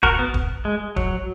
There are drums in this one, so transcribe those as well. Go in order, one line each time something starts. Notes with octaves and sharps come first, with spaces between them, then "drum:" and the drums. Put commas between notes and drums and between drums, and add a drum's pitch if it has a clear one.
F#4 A#4, drum: kick
B3
drum: kick
G#3
F#3, drum: kick